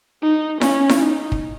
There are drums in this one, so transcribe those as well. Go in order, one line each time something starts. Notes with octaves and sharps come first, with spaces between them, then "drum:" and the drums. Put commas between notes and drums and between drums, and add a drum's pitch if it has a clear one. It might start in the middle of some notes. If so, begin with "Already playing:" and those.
D#4
C#4, drum: snare E4
drum: snare E4
D#4
drum: kick